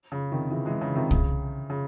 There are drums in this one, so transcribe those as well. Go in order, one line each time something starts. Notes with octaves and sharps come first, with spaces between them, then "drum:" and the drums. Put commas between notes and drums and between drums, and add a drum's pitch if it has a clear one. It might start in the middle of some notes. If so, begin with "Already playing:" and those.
C#3
C3 D#3
C#3 E3
E3 G#3
C#3
C3 D#3
C#3, drum: kick
C#3